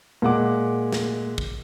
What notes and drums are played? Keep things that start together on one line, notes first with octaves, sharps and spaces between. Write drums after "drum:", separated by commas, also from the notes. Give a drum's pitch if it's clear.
A#2 G#3 F#5 D6
drum: snare
drum: kick